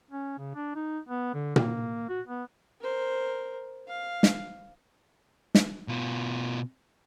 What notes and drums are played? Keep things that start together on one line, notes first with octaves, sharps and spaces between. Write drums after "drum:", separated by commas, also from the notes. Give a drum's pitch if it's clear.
C#4
C#3
D4
D#4
B3
D3
A#3, drum: tom A#2
F#4
B3
A#4 C5
F5
drum: snare
drum: snare
B2 F4